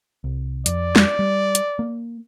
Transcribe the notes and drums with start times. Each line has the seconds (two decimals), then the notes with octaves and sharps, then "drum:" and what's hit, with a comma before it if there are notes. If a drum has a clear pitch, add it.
0.24 C2
0.66 F2 D5, drum: hi-hat
0.96 drum: snare
1.19 G3
1.55 drum: hi-hat
1.79 A#3